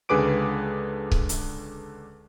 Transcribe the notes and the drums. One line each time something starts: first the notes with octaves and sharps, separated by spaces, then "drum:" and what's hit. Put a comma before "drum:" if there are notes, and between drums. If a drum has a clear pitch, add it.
C#2 D3 G#4 B4 D6 D7
drum: kick C#1
drum: hi-hat